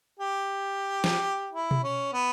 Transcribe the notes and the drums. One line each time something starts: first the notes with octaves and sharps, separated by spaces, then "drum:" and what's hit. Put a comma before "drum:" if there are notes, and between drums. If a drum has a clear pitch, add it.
G4
drum: snare
E4
drum: tom B2
C#4
B3